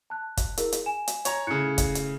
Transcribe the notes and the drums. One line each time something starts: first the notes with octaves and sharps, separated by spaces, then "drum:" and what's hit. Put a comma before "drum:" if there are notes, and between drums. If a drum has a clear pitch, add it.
A5 F#6
drum: kick, hi-hat
E4 G#4 A#4, drum: hi-hat
drum: hi-hat
G#5 E7
drum: hi-hat
C#5 A#5, drum: hi-hat
A2 C#3 F#6 G#6 C#7
drum: kick, hi-hat
drum: hi-hat